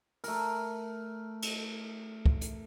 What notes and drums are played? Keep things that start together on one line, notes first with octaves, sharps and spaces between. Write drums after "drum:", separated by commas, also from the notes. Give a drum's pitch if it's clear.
A3 A#4, drum: open hi-hat
drum: cymbal
drum: kick
drum: hi-hat